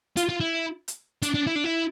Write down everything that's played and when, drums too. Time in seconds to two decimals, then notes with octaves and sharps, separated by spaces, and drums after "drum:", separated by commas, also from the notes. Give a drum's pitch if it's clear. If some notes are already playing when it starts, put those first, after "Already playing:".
0.17 F4, drum: hi-hat
0.29 F4
0.40 E4
0.88 drum: hi-hat
1.22 D4, drum: hi-hat
1.34 D4
1.47 E4
1.56 D4
1.64 E4